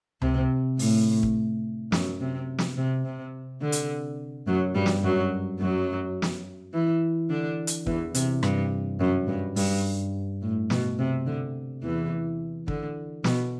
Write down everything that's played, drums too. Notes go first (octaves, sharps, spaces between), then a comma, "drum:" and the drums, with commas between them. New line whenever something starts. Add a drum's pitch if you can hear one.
C3, drum: tom C#2
A2, drum: open hi-hat
drum: kick
F#2, drum: snare
C3
drum: snare
C3
C3
D3
drum: hi-hat
F#2 F#3
G2 G3
drum: snare
F#2 F#3
F#2 F#3
drum: snare
E3 E4
D3 D4
drum: hi-hat
E2 E3, drum: kick
C3, drum: hi-hat
G2, drum: rim click
F#2
G2
G2, drum: open hi-hat
A2
B2, drum: snare
C3
D3
E2 E3
D3, drum: kick
B2, drum: snare